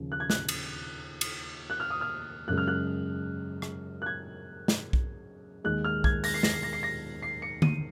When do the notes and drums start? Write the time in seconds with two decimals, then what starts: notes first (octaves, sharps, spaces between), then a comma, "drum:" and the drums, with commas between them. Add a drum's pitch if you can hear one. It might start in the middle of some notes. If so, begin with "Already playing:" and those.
Already playing: D#2 C#3 F3
0.12 F#6
0.20 G#6
0.30 F#6, drum: snare
0.49 drum: cymbal
1.21 drum: cymbal
1.70 F#6
1.80 F6
1.90 D#6
2.01 F6
2.48 F#2 C#3 G#3 F#6
2.58 F6
2.67 F#6
3.62 drum: rim click
4.02 F#6
4.06 G#6
4.68 drum: snare
4.93 drum: kick B1
5.64 D#2 D#3 G#3 F#6
5.84 F6
6.04 G#6, drum: kick B1
6.24 A#6, drum: open hi-hat
6.34 C7
6.43 A#6, drum: snare
6.54 C7
6.63 A#6
6.73 C7
6.83 A#6
7.23 C7
7.42 C#7
7.62 D#7, drum: tom D3